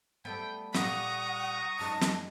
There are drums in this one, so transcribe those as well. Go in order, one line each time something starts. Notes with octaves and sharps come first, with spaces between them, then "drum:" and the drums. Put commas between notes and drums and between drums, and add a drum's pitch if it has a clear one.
G3 A3 B3 G5
A#2 G3 F5 F#5 A#5 C#6 D#6, drum: snare
F#2 G#3 D#4 A5
drum: snare